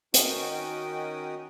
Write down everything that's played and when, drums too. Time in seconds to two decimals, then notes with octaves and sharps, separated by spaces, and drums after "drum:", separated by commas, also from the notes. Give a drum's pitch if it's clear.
0.14 D#3 C#4 D#4 F#4 G5 D#6, drum: hi-hat